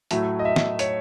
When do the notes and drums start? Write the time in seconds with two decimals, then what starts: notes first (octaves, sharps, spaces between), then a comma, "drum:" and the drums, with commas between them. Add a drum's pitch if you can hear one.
0.11 A2 F#3 A3 E5, drum: hi-hat
0.39 D#5
0.45 E5
0.56 drum: snare
0.79 C#5, drum: hi-hat